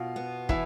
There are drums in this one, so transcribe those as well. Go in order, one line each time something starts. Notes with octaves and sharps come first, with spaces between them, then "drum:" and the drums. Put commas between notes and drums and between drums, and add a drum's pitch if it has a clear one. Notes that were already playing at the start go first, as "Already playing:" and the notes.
Already playing: B2 F4 F5
B3
E3 E4 E5, drum: kick